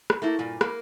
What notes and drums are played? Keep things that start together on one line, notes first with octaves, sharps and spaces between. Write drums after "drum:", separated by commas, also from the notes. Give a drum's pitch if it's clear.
drum: rim click
A3 A#3 E4
G2 A#2
A#3, drum: rim click